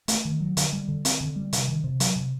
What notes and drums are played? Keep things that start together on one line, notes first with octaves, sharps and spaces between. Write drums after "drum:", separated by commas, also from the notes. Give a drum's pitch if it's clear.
A3, drum: hi-hat
D#3
F#3
D3, drum: hi-hat
G3
D3
C4, drum: hi-hat
D3
G3
C3, drum: hi-hat
D#3
C3
F#3, drum: hi-hat
C3